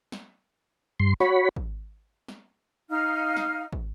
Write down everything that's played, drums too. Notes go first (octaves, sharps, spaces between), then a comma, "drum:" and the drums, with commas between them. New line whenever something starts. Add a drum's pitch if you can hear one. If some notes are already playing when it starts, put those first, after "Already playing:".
drum: snare
G2 C6
F#4 C#5 B5, drum: snare
drum: kick
drum: snare
D#4 F5 F6
drum: snare
drum: kick